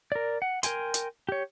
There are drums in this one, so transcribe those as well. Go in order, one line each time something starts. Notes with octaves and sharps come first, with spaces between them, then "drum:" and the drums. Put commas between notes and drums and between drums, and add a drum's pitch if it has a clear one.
A#4 D5
F#5
A#4 G5 G#5 C6, drum: hi-hat
drum: hi-hat
G4 C#5